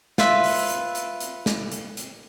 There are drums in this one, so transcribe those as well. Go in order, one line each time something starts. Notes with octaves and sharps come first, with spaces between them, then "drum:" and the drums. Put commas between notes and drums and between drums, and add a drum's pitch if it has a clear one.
F4 B4 E5, drum: snare
drum: open hi-hat
drum: hi-hat
drum: hi-hat
drum: hi-hat
drum: snare
drum: hi-hat
drum: hi-hat